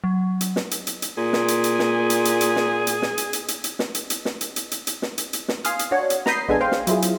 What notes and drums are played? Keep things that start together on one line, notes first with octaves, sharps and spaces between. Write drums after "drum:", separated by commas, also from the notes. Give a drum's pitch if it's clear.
F#3
drum: hi-hat
drum: snare
drum: hi-hat
drum: hi-hat
drum: hi-hat
A#2 G#4
drum: snare
drum: hi-hat
drum: hi-hat
drum: snare
drum: hi-hat
drum: hi-hat
drum: hi-hat
drum: snare
drum: hi-hat
drum: snare
drum: hi-hat
drum: hi-hat
drum: hi-hat
drum: hi-hat
drum: snare
drum: hi-hat
drum: hi-hat
drum: snare
drum: hi-hat
drum: hi-hat
drum: hi-hat
drum: hi-hat
drum: snare
drum: hi-hat
drum: hi-hat
drum: snare
F5 G#5 C6 D#6 F6, drum: hi-hat
drum: hi-hat
D4 F#4 C#5
drum: hi-hat
A#5 B5 D#6 G6 C7, drum: snare
A1 G#3 B3 D4 A4 G#5
C5 F5 G5 C6
drum: snare
F#3 E4 F4 G#4, drum: hi-hat
drum: hi-hat